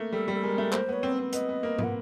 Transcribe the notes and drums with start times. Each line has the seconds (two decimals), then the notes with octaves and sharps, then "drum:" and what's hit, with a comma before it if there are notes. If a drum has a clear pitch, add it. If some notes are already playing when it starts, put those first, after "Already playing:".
Already playing: A3 A#3
0.12 G3 A4
0.28 G3
0.34 A4
0.43 G#3 A#4
0.58 A3
0.72 A#3 C5, drum: clap
0.89 B3
0.93 C#5
1.03 C4
1.19 C4
1.33 B3 D#5, drum: hi-hat
1.49 B3
1.63 A#3
1.79 A#3, drum: tom
1.84 F#5